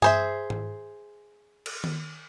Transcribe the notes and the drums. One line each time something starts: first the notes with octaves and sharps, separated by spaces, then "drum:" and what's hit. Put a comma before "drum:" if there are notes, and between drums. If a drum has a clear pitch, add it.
G#4 C5 E5, drum: tom G2
drum: tom G#2
drum: cymbal
drum: tom D#3